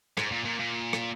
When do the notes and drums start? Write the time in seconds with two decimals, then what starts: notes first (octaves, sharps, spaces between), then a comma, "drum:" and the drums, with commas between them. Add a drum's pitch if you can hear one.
0.17 G#2, drum: rim click
0.32 A#2
0.45 A#2
0.60 A#2
0.93 drum: rim click